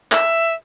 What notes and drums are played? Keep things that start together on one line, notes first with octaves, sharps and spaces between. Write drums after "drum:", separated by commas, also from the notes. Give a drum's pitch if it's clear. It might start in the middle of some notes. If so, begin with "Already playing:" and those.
E5, drum: clap